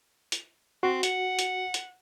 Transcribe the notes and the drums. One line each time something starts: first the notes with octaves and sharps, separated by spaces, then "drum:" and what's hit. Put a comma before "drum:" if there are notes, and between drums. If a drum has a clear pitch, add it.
drum: hi-hat
C4 F#4
F#5, drum: hi-hat
drum: hi-hat
drum: hi-hat